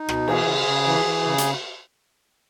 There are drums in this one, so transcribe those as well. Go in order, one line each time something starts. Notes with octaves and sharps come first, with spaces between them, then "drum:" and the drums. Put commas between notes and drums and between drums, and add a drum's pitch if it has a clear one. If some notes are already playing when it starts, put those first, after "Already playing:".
Already playing: D#4
B2, drum: rim click
E3 G#4, drum: cymbal
C#3
C#3
E3
E3
C#3
drum: hi-hat